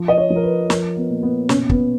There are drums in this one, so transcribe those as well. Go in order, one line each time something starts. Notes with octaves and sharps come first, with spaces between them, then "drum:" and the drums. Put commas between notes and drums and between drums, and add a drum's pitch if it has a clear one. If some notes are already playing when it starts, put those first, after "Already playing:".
Already playing: F3
D#5
C#5
F3
A#4
B4
F3 A#4, drum: snare
B3
A#2
B3
B2 C#4, drum: snare
B3, drum: kick